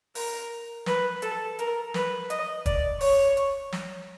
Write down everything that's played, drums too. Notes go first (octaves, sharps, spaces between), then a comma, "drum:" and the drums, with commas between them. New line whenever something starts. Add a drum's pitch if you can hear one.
A#4, drum: open hi-hat
B4, drum: snare
A4, drum: hi-hat
A#4, drum: hi-hat
B4, drum: snare
D#5, drum: hi-hat
D5, drum: kick, hi-hat
C#5, drum: open hi-hat
drum: hi-hat
drum: snare